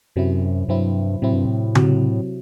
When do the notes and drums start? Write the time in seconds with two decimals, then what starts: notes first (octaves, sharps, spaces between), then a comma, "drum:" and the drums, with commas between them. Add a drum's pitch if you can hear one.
0.16 F#2 C3 F#3 C4 E4
0.68 G2 C3 F#3 C4 E4
1.22 A2 C3 F#3 C4 E4
1.33 G2
1.45 A2
1.75 C3 F#3, drum: tom C#3